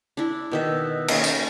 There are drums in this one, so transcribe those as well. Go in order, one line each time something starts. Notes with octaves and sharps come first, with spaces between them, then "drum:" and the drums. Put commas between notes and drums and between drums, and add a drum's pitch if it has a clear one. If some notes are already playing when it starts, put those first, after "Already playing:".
D4 E4
B2 D#3 E5
A#3 C#4 D#4 A#4, drum: cymbal
drum: tambourine